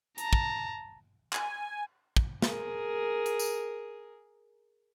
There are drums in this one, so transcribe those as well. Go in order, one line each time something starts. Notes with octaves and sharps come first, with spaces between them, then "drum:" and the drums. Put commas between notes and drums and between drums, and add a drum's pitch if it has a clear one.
A5 A#5, drum: hi-hat
drum: kick
G#5, drum: clap
drum: kick
G#4 A#4, drum: snare
drum: hi-hat
drum: tambourine